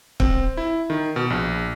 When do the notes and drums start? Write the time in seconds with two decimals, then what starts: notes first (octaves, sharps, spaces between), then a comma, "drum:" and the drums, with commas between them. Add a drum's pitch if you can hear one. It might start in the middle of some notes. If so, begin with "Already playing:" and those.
0.20 C4, drum: kick
0.57 E4
0.90 D#3
1.16 B2
1.30 A#1